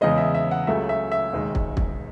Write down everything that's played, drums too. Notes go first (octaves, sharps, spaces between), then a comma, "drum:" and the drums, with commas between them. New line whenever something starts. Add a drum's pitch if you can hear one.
E2 C#3 G#3 D#5
E5
E5
F#5
C#2 C#3 F#3 A3 E5
E5
E5
E1 D#2 D#3 G#3
drum: kick
drum: kick